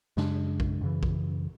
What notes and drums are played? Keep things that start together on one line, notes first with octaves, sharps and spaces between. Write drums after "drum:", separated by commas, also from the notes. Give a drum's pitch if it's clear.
F#2 C#3 G#3 D4, drum: snare
drum: kick A#1
F#2 C#3 E3
drum: kick A#1